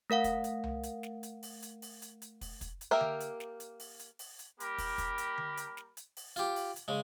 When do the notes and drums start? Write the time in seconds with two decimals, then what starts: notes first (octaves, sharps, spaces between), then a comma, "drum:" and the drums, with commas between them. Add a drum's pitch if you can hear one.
0.10 A3 A#4 F5 F#5
0.24 drum: kick, hi-hat
0.44 drum: hi-hat
0.64 drum: tom C2
0.83 drum: hi-hat
1.03 drum: snare
1.23 drum: hi-hat
1.43 drum: open hi-hat
1.62 drum: hi-hat
1.82 drum: open hi-hat
2.02 drum: hi-hat
2.22 drum: hi-hat
2.41 drum: kick, open hi-hat
2.61 drum: kick, hi-hat
2.81 drum: hi-hat
2.91 A#3 G4 A#4 E5
3.01 drum: tom D3
3.20 drum: hi-hat
3.40 drum: snare
3.60 drum: hi-hat
3.80 drum: open hi-hat
3.99 drum: hi-hat
4.19 drum: open hi-hat
4.39 drum: hi-hat
4.60 G3 A#3 G4 A#4 B5, drum: hi-hat
4.78 drum: kick, open hi-hat
4.98 drum: kick, hi-hat
5.18 drum: hi-hat
5.38 drum: tom D3
5.57 drum: hi-hat
5.77 drum: snare
5.97 drum: hi-hat
6.17 drum: open hi-hat
6.36 F4 G4, drum: hi-hat
6.56 drum: open hi-hat
6.76 drum: hi-hat
6.88 C#3 G#3